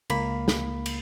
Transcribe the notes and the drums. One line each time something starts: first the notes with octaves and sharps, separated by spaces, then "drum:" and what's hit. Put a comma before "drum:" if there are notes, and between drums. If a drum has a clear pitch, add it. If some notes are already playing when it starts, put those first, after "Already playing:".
C#2 A#3 B5 B6, drum: cymbal
drum: snare
drum: cymbal